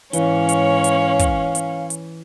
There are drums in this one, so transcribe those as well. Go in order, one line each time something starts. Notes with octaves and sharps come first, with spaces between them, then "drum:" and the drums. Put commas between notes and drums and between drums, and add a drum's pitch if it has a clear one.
G#2 E3 C#4 C#5 F5, drum: hi-hat
drum: hi-hat
drum: hi-hat
drum: kick, hi-hat
drum: hi-hat
drum: hi-hat